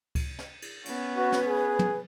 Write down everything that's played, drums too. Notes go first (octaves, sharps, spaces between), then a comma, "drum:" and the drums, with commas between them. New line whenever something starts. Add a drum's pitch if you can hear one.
drum: kick C#2, cymbal
drum: snare
drum: cymbal
B3 C#4, drum: cymbal
F#4 B4
drum: snare
G#4
drum: tom